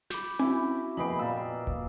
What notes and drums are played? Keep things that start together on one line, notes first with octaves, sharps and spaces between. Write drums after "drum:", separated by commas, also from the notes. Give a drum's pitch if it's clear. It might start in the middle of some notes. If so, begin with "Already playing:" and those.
B5 D6 G6, drum: snare
C#4 E4 F#4 G#5 D6, drum: tom C4
F2 C3 A#3 B3 G#4 D#5 G5 B5
A#2 A#3 F4 D5 E6
drum: kick